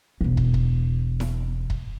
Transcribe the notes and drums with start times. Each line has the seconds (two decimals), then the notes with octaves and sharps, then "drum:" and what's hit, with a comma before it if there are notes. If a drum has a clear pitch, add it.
0.21 E1 E2
0.37 drum: kick
0.54 drum: kick
1.20 drum: snare E4
1.70 drum: kick